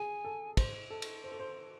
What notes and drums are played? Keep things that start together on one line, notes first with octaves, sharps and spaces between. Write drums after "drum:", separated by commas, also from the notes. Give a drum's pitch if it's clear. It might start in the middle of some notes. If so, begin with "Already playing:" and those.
Already playing: G#4 G#5
A4
C5, drum: kick, cymbal
A4
drum: cymbal
C5
A4
C5